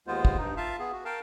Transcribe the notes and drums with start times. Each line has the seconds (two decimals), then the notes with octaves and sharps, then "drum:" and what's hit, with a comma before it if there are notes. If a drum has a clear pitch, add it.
0.07 D#2 G#3 B3 F4 C5
0.25 drum: kick
0.38 G2 D#4
0.57 F4 E5 F5 A5
0.79 B3 G#4
0.92 F#4
1.05 A#4 F5 G5 A5